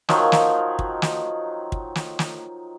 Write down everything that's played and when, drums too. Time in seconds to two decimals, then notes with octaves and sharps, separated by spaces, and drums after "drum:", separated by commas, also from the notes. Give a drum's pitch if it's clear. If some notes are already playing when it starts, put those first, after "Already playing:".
0.09 D#3 F3 F#3, drum: snare
0.32 drum: snare
0.79 drum: kick
1.02 drum: snare
1.72 drum: kick
1.95 drum: snare
2.19 drum: snare